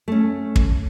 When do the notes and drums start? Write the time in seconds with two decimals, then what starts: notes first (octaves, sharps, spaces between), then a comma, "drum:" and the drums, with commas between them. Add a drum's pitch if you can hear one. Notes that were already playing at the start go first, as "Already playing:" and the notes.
0.08 A3 C#4
0.56 drum: kick